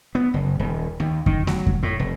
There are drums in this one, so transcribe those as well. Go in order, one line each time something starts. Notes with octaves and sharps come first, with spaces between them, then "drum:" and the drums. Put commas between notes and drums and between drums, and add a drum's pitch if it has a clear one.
B3
F#1
D#1
D#2
D#3, drum: kick F2
F#3, drum: snare A3
drum: kick F2
A2
F1